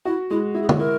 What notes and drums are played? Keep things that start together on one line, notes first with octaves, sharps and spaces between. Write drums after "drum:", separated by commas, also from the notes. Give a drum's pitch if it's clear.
E4 F#4
G#3 E4
E4 F#4
G#4
F#4, drum: tom
E4 A#4